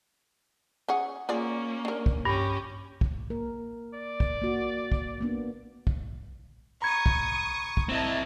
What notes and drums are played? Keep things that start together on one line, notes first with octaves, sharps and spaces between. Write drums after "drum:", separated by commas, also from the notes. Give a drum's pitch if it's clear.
C#4 G#4 F#5
A#3 C#4 F4 G#4 D5
D4 A#4
drum: kick
G2 C#4 G4
drum: kick
A#3 A#4
D5
drum: kick
A#3 F#4
drum: kick
A#3 B3 D4
drum: kick
A#5 B5 C#6 D#6 G#6
drum: kick
drum: kick
C4 E4 D#5 A5